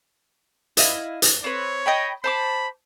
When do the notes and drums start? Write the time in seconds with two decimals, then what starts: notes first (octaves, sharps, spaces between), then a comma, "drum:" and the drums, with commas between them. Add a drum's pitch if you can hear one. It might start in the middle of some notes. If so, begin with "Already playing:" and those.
0.77 E4 D#5 F5, drum: hi-hat
1.22 drum: hi-hat
1.44 C4 B4 C#5
1.86 D#5 G5 B5
2.24 C5 A5 B5 D6